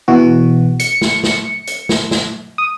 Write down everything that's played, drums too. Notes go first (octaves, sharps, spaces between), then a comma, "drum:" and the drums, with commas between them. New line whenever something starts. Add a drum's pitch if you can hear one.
B2 E3 F#4
C#7, drum: hi-hat
drum: snare
drum: snare
drum: hi-hat
drum: snare
drum: snare
D#6